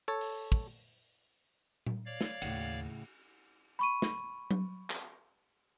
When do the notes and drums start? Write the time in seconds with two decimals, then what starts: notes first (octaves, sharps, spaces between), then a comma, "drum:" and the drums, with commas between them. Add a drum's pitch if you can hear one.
0.08 A4 C#5
0.21 drum: open hi-hat
0.52 drum: kick
1.87 drum: tom A#2
2.06 C#5 D5 F5
2.21 drum: snare
2.42 D#2 A2 C#3 F#5, drum: cymbal
3.79 B5 C#6 D#7
4.02 drum: snare
4.51 drum: tom F#3
4.90 drum: clap